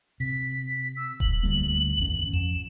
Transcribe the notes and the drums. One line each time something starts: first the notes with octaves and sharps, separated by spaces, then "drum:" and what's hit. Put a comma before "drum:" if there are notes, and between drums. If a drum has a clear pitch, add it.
C3 B6
E6
F#7, drum: kick D#1
D2 G3 A#3
G#1 E2 C#4
F2 E7